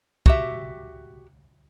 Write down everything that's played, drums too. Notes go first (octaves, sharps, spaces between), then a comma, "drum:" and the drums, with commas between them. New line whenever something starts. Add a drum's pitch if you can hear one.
F#4 G4 E5, drum: kick